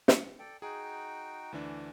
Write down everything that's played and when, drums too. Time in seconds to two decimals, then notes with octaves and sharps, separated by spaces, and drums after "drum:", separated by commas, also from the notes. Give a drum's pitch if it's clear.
0.08 C#7, drum: snare
0.39 A4 D5 G5
0.62 D#4 F#4 G#4 G5
1.52 D2 E3 D4